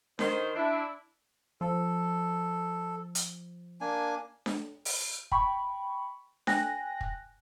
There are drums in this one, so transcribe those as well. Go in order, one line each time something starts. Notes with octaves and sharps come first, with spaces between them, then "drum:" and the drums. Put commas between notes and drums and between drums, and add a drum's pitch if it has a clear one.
D#3 C5, drum: snare D4
D4 E4
F3 A4
drum: hi-hat
A#3 D4 G#5
drum: snare D4
drum: open hi-hat
G5 B5 C#6, drum: kick
G5 G#5 F#6 A#6, drum: snare D4
drum: kick